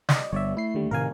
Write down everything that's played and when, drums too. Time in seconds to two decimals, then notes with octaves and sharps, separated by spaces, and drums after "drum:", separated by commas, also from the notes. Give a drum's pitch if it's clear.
0.09 D5 D#5, drum: snare
0.32 G1 D3 G3 C#5 D5 E5
0.57 A3 E4 C7
0.74 D#2 D3 G3
0.91 A2 C3 D#3 A#4 F5 G#5